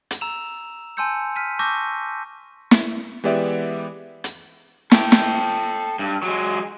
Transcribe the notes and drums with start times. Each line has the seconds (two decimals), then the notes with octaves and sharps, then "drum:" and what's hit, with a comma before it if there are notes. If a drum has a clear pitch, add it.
0.11 drum: hi-hat
0.21 A#5 E6 E7 F7
0.97 G#5 A5 C6 E6 G6 C#7
1.36 F6 B6 D#7
1.59 A5 C#6 D6 E6 G6 A#6
2.71 drum: snare
3.24 E3 G#3 B3 G4 D5 E5
4.24 drum: hi-hat
4.92 A4 G5, drum: snare
5.12 drum: snare
5.99 G2
6.23 F#3 G#3